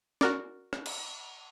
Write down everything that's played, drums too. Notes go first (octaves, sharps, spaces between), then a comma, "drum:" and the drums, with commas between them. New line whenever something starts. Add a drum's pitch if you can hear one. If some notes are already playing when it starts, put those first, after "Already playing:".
F#4 A#4 D5, drum: snare C#4
drum: rim click
drum: cymbal